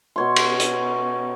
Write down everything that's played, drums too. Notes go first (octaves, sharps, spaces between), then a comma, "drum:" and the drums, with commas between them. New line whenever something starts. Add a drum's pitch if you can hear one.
B2 C#5 C6
drum: cymbal
drum: hi-hat